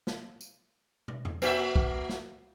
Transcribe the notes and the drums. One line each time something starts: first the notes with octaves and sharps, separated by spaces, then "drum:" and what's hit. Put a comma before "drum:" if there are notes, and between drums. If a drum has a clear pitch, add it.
drum: snare
drum: tambourine
drum: tom
drum: tom E2
A#3 F#4 E5, drum: tambourine
drum: kick B1
drum: snare